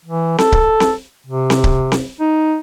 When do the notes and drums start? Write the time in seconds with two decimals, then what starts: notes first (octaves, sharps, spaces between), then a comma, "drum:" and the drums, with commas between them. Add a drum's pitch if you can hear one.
0.05 E3
0.38 A4, drum: snare C4
0.52 drum: kick C#1
0.80 drum: snare C4
1.26 C3
1.50 drum: snare C4
1.64 drum: kick C#1
1.92 drum: snare C4
2.20 D#4